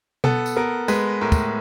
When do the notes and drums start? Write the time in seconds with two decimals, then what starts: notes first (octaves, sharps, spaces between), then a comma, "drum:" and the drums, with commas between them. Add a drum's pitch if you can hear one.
0.24 B3 A4, drum: tom B2
0.46 drum: tambourine
0.56 B3 A#4
0.88 G#3 B4, drum: tambourine
1.21 A2 A#4
1.32 drum: kick, tambourine